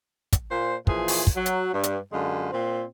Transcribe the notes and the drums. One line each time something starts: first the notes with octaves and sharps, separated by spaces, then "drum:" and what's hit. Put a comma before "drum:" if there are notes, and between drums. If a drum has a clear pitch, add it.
drum: kick, hi-hat
A#2 C5
A#2 E3 F3 G#4, drum: kick
drum: open hi-hat
drum: kick
F#3
drum: hi-hat
G2
drum: hi-hat
F#2 D3 G#3 F4
A#2 C4